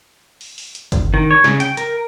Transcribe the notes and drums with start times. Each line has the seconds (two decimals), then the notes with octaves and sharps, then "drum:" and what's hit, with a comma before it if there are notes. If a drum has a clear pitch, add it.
0.41 drum: open hi-hat
0.58 drum: open hi-hat
0.75 drum: hi-hat
0.92 drum: kick, hi-hat
1.14 D#3
1.31 C#5
1.44 C#3, drum: snare
1.60 G5, drum: hi-hat
1.77 A#4, drum: hi-hat